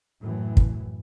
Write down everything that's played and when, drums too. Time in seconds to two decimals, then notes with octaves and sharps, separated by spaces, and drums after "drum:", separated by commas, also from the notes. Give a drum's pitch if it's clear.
0.21 F#2 A2 E3
0.57 drum: kick